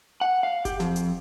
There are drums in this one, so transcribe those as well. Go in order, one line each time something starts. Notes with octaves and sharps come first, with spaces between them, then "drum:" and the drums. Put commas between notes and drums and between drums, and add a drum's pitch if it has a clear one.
F#5
F5
G4, drum: kick F#1, hi-hat
F2, drum: snare
drum: hi-hat